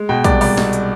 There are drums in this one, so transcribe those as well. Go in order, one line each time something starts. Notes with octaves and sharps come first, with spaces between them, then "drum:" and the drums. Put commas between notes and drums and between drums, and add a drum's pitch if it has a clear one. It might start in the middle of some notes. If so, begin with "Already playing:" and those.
Already playing: G#3
B2 G5
C2 D5, drum: kick, hi-hat
C2 D5, drum: open hi-hat
B2, drum: snare
drum: hi-hat